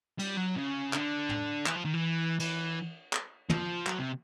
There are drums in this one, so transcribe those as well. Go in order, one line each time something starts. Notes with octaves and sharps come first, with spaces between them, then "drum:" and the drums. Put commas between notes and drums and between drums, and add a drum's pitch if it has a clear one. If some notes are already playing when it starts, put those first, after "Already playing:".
G3, drum: cymbal
F#3
C#3
D3, drum: clap
drum: tom
E3, drum: clap
F3
D#3
E3
E3, drum: cymbal
drum: clap
F3, drum: tom
F#3, drum: clap
C3